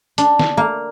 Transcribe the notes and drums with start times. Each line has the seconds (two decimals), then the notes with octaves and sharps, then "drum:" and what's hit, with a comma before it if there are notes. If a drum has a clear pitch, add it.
0.18 D4, drum: hi-hat
0.39 drum: snare
0.57 A#3